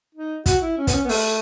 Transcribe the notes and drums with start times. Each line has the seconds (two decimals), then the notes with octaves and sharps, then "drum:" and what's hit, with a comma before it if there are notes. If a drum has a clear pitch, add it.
0.15 D#4
0.46 F#4, drum: kick, hi-hat
0.62 E4
0.78 C#4
0.87 B3, drum: kick, hi-hat
0.93 C#4
1.05 B3
1.09 A3, drum: open hi-hat